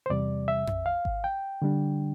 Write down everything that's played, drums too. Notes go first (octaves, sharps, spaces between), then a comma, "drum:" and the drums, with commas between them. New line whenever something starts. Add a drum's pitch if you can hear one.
C5
E2 C3 G3 D5
E5
drum: tom F2
F5
drum: kick G#1
G5
D3 G3 D4